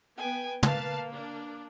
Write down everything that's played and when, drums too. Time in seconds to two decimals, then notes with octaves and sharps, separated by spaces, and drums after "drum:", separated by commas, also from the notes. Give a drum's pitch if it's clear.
0.18 B3 G5 G#5
0.63 A#3 B4 F5 A5, drum: tom
1.13 D4